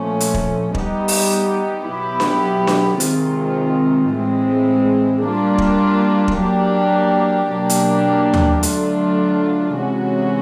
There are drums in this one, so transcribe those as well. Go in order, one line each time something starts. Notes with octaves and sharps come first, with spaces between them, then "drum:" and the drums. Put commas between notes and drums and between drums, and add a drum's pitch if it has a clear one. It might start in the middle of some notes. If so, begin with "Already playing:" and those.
Already playing: A#2 F3 A3 C#4
drum: hi-hat
drum: kick
G3 B3 D#4 G4, drum: kick
drum: open hi-hat
B2 F#3 B3 E4 G4
drum: snare D4
drum: snare D4
C3 D#3 G#3 C4 F4, drum: hi-hat
A2 E3 G#3 C4
G3 A#3 D4 F4
drum: kick
drum: kick
F#3 A#3 D4 G4
B2 F#3 A#3 D4 G4
drum: hi-hat
drum: tom D#2
D3 F#3 A3 D4 F4, drum: hi-hat
C3 E3 G#3 C#4 F#4